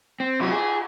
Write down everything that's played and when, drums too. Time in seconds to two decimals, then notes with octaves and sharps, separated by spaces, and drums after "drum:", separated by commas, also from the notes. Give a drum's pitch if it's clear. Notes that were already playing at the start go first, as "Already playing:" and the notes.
0.20 C4
0.39 C3 F#3, drum: cymbal
0.51 G#4